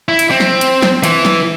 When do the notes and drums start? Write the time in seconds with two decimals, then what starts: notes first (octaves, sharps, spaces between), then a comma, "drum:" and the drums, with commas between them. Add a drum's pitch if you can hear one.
0.09 E4
0.19 drum: hi-hat
0.31 C4
0.40 drum: snare
0.61 drum: hi-hat
0.82 drum: snare
1.04 E3, drum: hi-hat
1.25 drum: snare